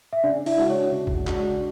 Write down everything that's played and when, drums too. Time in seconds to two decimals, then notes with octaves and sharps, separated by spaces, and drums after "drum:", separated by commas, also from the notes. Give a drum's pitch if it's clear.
0.13 E5
0.24 C#3 D4 D5
0.46 E4 E5, drum: open hi-hat
0.58 G#3 D4 F#4
0.70 C#5
0.92 C#3
1.07 drum: kick
1.27 G#3 D4 F#4, drum: clap